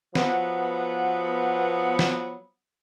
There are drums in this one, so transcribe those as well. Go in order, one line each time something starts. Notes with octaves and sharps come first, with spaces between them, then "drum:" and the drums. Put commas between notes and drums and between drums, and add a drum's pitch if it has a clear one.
F3 F#3 B3, drum: snare
drum: snare